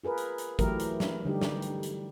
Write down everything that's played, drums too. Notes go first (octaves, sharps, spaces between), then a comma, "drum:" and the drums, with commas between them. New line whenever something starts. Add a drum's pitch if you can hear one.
F4 G#4 A#4 B4
drum: hi-hat
drum: hi-hat
E3 F#3 A3 E4 G4 A#4, drum: kick G#1, hi-hat
drum: hi-hat
drum: snare
D3 G3 D#4 G4
drum: snare
drum: hi-hat
drum: hi-hat